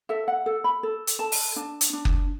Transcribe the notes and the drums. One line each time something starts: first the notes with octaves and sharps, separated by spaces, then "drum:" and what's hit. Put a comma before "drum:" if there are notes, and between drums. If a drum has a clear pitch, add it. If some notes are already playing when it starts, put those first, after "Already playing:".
A4 E5
F#5
A4
B5
A4
drum: hi-hat
A4 A5
drum: open hi-hat
D4 A5
drum: hi-hat
D4
drum: kick F#1